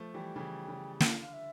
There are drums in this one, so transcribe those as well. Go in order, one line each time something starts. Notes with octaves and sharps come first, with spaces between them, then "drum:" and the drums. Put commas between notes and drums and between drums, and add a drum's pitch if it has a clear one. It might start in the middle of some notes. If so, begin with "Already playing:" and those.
Already playing: F3 A3
E3 G3 G5
C#3 E3
C#3
D3 F5, drum: snare
F5
E5